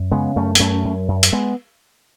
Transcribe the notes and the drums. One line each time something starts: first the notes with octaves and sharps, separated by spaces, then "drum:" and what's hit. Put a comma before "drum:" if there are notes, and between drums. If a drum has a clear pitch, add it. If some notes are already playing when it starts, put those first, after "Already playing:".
Already playing: F#2
C#3 G#3 B3
F#2 A3 C#4
B3, drum: hi-hat
F#2 A3 C#4
F#2
F#2
drum: hi-hat
G#3 B3